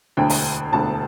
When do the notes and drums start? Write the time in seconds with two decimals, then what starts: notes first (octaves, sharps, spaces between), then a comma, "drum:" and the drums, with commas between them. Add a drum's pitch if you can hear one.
0.17 E1 D2 D3 G5
0.30 drum: open hi-hat
0.72 E1 D2 D3 A5